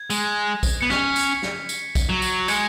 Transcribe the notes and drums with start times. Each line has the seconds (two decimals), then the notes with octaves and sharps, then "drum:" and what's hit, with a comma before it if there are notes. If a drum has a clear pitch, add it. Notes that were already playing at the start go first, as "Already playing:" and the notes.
Already playing: G#6
0.10 G#3, drum: tambourine
0.63 drum: kick A#1, tambourine
0.81 B3 C#7
0.90 C#4 B6, drum: snare
1.16 drum: tambourine
1.42 drum: snare
1.69 drum: tambourine
1.95 drum: kick A#1, tambourine
2.09 F#3
2.22 drum: tambourine
2.48 G#3 G#6 C#7, drum: tambourine